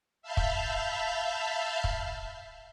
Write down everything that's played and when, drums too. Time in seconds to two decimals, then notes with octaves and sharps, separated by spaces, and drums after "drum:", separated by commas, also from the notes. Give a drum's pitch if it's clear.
0.22 E5 F5 A5 B5 F6 G6
0.37 drum: kick
1.84 drum: kick